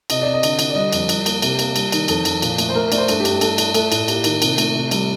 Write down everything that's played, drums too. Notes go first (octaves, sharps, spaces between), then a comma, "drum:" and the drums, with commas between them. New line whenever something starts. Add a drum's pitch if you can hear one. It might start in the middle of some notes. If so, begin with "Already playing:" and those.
C3 D#5, drum: cymbal
C3 D5
D#5
D3, drum: cymbal
D3, drum: cymbal
D5
G3 D#5
F2, drum: cymbal
G3, drum: cymbal
A#3, drum: cymbal
C3 G4, drum: cymbal
A#3, drum: cymbal
G3, drum: cymbal
D#3, drum: cymbal
F2 A4, drum: cymbal
F2, drum: cymbal
A#2, drum: cymbal
A3, drum: cymbal
C5
A3 A#4
A#4
A3 D5, drum: cymbal
C5
G2 A4, drum: cymbal
G4
G2, drum: cymbal
G4
A3 A4, drum: cymbal
A3, drum: cymbal
A3 A4, drum: cymbal
A2, drum: cymbal
A#3 G4, drum: cymbal
D#3, drum: cymbal
C3, drum: cymbal
A3, drum: cymbal
C3
G3, drum: cymbal